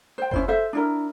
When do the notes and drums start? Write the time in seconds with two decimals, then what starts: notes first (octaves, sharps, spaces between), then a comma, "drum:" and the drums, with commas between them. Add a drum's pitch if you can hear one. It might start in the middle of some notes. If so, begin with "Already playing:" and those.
0.18 C5 G5
0.31 C#4 E4 C5, drum: kick F#1
0.48 A4 C5 E5
0.73 D4 E4 A#4